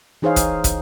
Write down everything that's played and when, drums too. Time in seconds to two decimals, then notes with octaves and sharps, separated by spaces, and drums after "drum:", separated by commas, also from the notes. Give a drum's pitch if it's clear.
0.22 E3 D#4 G#4 C5 C#5 F5
0.36 drum: kick, hi-hat
0.64 drum: kick, hi-hat